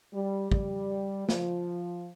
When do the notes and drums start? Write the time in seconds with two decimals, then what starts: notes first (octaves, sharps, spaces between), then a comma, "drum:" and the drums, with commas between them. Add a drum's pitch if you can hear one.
0.13 G3
0.52 G3, drum: kick
1.29 F3, drum: snare